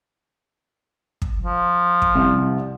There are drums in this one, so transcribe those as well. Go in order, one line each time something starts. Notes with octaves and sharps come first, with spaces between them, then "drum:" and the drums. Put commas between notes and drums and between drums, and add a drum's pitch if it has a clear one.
drum: kick
F3
drum: kick
C2